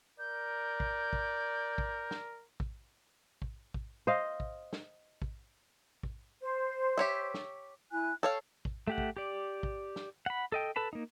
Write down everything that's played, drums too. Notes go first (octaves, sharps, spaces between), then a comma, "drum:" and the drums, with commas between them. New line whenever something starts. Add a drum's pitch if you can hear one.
A#4 D5 G6
drum: kick
drum: kick
drum: kick
drum: snare
drum: kick
drum: kick
drum: kick
C5 D#5 F5
drum: kick
drum: snare
drum: kick
drum: kick
C5
G4 C#5 E5
drum: snare
E4 G#5 F#6
A4 C#5 F5 G5
drum: kick
A3 G4 F#5
drum: kick
G4 D5
drum: kick
drum: snare
F#5 B5
A4 D#5 G5
A4 B4 A5 B5
A#3 D#4